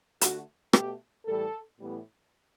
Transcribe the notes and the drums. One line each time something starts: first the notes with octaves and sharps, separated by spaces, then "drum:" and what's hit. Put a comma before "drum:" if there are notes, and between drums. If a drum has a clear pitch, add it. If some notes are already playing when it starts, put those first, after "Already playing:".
D3 A3 F#4, drum: hi-hat
B2 A3 G4, drum: rim click
A2 E3 G3 A4
A2 E3 G3 B3